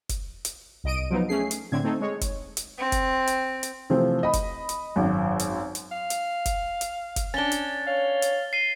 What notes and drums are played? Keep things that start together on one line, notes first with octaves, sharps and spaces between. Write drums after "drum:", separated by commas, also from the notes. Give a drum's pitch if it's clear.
drum: kick, hi-hat
drum: hi-hat
C2 D#5 D7 D#7
F3 F#3 B3 D#4
A3 C#4 G#4 C7
drum: hi-hat
A2 D3 C4 G#6
A3 C4 D#4 A4
G#3 C#5
drum: kick, hi-hat
drum: hi-hat
C4
drum: kick, hi-hat
drum: hi-hat
drum: hi-hat
C3 E3 F3 A3 C4
D#5 B5
drum: kick, hi-hat
drum: hi-hat
G#1 F#2
drum: hi-hat
drum: hi-hat
F5
drum: hi-hat
drum: kick, hi-hat
drum: hi-hat
drum: kick, hi-hat
C#4 D4 A6 G7
drum: hi-hat
C#5 F5
drum: hi-hat
C7 D#7 G7